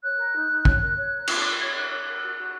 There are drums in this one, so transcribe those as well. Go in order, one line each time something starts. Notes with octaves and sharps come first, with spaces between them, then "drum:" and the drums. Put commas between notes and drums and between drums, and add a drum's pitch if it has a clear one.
C#5 F#6
A#4
D#4
D#4
C#5, drum: kick
A#4
C#5
A#4
F4, drum: cymbal
F4 F#6
C#5 G#6
A#4 F#6
C#5 F#6
A#4
F#4
F#4